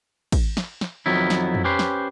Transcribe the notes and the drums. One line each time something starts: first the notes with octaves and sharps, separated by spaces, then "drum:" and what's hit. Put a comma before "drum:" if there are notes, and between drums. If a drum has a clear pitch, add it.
drum: kick, cymbal
drum: snare
drum: snare
F2 D#3 F#3 B3 E4
drum: snare
drum: tom F2
C#4 G4 B4 C5
drum: snare